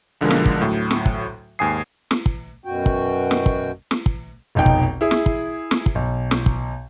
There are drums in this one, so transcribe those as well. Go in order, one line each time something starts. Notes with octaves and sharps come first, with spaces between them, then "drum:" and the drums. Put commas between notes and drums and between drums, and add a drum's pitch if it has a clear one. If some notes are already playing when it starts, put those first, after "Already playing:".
B1 D3 F3 G#3 A#4
drum: snare
drum: kick
D2 A2 F#3
drum: snare
drum: kick
D#2 G#2 G#5 D#6 C7
drum: snare
drum: kick
F#2 B2 F#4 G5
drum: kick
drum: snare
drum: kick
drum: snare
drum: kick
F1 B1 D#4 G5
drum: kick
E4 G#4
drum: snare
drum: kick
drum: snare
drum: kick
B1
drum: snare
drum: kick